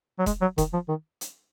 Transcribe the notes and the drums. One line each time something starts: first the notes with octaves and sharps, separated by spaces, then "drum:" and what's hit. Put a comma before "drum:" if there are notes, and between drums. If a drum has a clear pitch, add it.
F#3
G#3, drum: kick E1, hi-hat
F#3
D#3, drum: kick E1, hi-hat
F3
D#3
drum: hi-hat